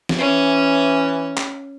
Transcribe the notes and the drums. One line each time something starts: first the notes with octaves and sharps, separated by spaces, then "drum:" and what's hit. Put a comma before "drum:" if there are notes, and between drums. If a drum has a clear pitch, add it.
drum: snare
E3 C#4
drum: clap